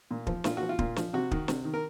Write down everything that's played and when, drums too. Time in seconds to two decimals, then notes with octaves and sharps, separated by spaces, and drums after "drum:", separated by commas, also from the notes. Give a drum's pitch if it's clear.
0.11 A#2
0.27 F3, drum: kick
0.44 A#2 F4, drum: snare
0.57 F3 F#4
0.69 F4
0.79 A#2, drum: kick
0.96 F3, drum: snare
1.13 C3 F#4
1.31 D#3, drum: kick
1.48 C3, drum: snare
1.65 D#3
1.74 A#4